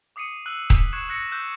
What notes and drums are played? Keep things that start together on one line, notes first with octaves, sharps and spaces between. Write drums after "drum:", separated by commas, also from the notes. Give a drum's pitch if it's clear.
D6 D#6 C7 C#7 D#7
E6 F#6 D#7 F#7
B6, drum: kick D#1
C#6 F#6 G#6 C7 C#7 E7
E6 F#6 A#6 C#7
E6 F#6 G6